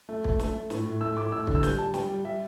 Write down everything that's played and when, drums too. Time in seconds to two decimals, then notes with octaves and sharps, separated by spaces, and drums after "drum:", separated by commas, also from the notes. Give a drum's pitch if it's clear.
0.09 A3
0.24 A3, drum: kick
0.39 A3, drum: snare
0.55 A3
0.70 A2, drum: snare
0.85 A2
1.01 A3 E6
1.17 A2 D6
1.32 A3 E6
1.47 D3, drum: kick
1.55 E6
1.63 G3 G6, drum: snare
1.78 G3 A5
1.94 G3 G5, drum: snare
2.10 G3
2.25 G3 E5